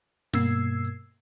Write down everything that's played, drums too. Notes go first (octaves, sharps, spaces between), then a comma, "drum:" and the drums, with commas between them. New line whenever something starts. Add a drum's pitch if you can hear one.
G2 B2 A#3 E6 G#6 C7, drum: snare
drum: hi-hat